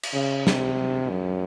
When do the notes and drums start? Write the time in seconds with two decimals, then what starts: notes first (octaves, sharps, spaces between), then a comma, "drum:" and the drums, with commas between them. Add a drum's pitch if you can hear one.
0.03 drum: cymbal
0.14 C#3
0.47 C3, drum: snare
1.10 F#2